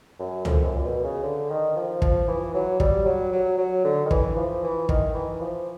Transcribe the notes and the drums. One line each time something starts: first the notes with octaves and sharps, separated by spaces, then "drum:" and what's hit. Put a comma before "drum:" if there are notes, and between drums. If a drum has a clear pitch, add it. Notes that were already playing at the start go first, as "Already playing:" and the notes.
F#2
F2, drum: tom C#2
F#2
A#2
B2
C#3
D3
D#3
F3
F3, drum: kick
E3
F#3
G3, drum: kick
F#3
F#3
F#3
D3
D#3
E3, drum: kick
F3
E3
D#3, drum: kick
E3
F3